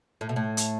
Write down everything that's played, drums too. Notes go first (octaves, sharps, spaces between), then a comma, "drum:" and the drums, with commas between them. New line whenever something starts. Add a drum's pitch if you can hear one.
A2
B2
A2
drum: hi-hat